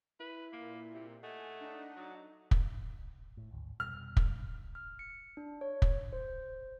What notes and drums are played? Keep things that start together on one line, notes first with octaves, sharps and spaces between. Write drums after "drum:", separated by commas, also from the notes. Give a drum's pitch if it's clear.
E4 B4
A#2 A#3
C3
A3 D#5 F#5 G#5
D4 D#4
F#3
drum: kick
A2
G#1 D2
F1 B2 G3 F6
drum: kick
F6
C#7
D4
C#5
drum: kick
C5